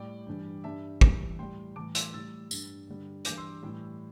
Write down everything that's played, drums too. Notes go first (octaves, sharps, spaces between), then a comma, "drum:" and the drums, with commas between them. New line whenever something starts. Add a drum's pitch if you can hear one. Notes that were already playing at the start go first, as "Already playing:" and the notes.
Already playing: A2 G3 D5 G5
G2 E3 G3
G2 G3 E5 A5
E2 E3 G3, drum: kick
A2 G3 G5 C6
A2 E3 G3 A5 D6
C6 E6, drum: hi-hat
A2 G3 E6 A6
G2 G3, drum: tambourine
G2 D3 G3
G2 E3 G3 D6 G6, drum: hi-hat
C6 E6
A2 E3 G3